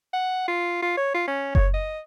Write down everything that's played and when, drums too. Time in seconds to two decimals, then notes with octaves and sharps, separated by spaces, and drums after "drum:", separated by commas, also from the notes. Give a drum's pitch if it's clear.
0.13 F#5
0.48 F4
0.82 F4
0.97 C#5
1.14 F4
1.27 C#4
1.55 C#5, drum: kick F#1
1.74 D#5